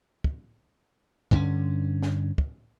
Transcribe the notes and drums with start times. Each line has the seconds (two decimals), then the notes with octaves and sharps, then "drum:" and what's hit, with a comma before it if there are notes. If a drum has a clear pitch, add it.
0.24 drum: kick
1.31 G2 D3 C4 C#4, drum: kick
2.03 drum: snare
2.38 drum: kick